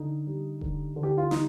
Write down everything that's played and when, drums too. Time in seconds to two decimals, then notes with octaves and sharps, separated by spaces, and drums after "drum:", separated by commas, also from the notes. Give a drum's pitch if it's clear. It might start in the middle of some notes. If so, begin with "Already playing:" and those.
Already playing: D3 D#4
0.27 G3
0.61 D3, drum: kick E1
0.96 D3
1.03 G4
1.18 F4
1.31 G3 D#4, drum: snare